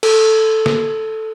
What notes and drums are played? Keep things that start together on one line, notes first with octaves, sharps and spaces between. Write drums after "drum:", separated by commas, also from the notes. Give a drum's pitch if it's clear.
A4, drum: cymbal
drum: snare A#3